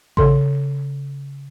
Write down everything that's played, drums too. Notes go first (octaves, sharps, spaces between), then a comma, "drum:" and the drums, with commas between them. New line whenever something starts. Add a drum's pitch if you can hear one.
C#3 A4 C6, drum: kick A1